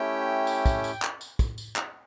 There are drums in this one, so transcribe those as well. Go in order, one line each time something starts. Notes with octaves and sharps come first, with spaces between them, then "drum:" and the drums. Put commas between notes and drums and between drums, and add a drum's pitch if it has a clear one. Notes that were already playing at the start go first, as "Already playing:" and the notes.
Already playing: A3 C#4 E4 G4 G5
drum: tambourine
drum: kick, tambourine
drum: tambourine
drum: clap
drum: tambourine
drum: kick, tambourine
drum: tambourine
drum: clap